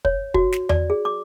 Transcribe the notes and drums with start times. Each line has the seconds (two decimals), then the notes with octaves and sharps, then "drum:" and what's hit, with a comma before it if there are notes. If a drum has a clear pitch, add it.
0.05 C#5, drum: kick
0.34 F#4, drum: kick
0.52 drum: snare
0.69 D5, drum: tom E2
0.90 G#4
1.05 D6